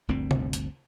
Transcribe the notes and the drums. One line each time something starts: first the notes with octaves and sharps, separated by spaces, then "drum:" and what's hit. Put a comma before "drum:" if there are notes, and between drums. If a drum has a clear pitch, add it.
G1 D2 A#2 C4
drum: tom C3
drum: hi-hat